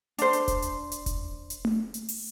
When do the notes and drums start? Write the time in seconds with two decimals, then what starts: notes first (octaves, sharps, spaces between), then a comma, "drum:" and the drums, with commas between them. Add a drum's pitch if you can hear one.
0.18 D4 C5, drum: hi-hat
0.33 drum: hi-hat
0.48 drum: kick E1, hi-hat
0.62 drum: hi-hat
0.92 drum: hi-hat
1.06 drum: kick E1, hi-hat
1.50 drum: hi-hat
1.65 drum: tom A3
1.94 drum: hi-hat
2.09 drum: open hi-hat